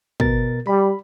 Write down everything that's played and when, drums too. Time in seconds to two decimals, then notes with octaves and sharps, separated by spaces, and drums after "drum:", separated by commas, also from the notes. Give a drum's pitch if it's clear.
0.20 B2 A#4 A6, drum: kick
0.67 G3 B5